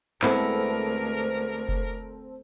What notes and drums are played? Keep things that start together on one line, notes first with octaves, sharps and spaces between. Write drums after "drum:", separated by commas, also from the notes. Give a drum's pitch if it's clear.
D2 G#3 B3 C4 E4 A4 A#4, drum: clap
drum: kick F1